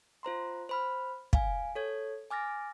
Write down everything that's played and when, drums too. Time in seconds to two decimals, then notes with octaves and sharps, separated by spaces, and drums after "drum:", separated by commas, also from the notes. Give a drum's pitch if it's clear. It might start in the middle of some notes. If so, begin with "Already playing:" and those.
0.23 F4 C5 A#5 C6
0.69 C5 B5 F6
1.33 F5 G#5, drum: kick
1.75 A4 C#5 G#6
2.31 G#5 D6 F6 A6 A#6